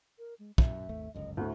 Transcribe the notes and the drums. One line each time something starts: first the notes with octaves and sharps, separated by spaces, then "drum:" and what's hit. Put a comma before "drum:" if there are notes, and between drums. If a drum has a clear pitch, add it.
A#4
G#3
F#2 E5, drum: kick
G#1 D#2 A3
G1 C#2 F#2 D#5
D2 A2 A4